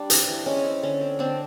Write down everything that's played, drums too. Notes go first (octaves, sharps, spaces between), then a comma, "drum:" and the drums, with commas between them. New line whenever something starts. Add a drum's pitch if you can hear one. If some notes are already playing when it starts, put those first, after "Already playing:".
Already playing: G3 D4
C4, drum: hi-hat
E3
G#3 C#4
C4
D3 C#4
C4
D3 C4 D4